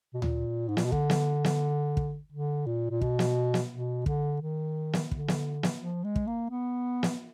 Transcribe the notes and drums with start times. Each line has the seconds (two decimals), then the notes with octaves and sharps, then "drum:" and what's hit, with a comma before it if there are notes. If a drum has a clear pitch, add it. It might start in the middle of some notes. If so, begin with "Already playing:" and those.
0.14 B2
0.22 A#2, drum: tom D2
0.68 G#2
0.77 A#2, drum: snare
0.84 B2
0.92 D3, drum: kick
1.10 drum: snare
1.44 drum: snare
1.97 drum: kick
2.32 D3
2.66 A#2
2.90 A#2
3.01 B2, drum: kick
3.19 drum: snare
3.54 drum: snare
3.72 B2
4.06 D3, drum: kick
4.42 D#3
4.93 drum: snare
5.11 D3, drum: kick
5.28 drum: snare
5.63 drum: snare
5.80 F3
6.04 G#3
6.16 drum: kick
6.27 A#3
6.51 B3
7.03 drum: snare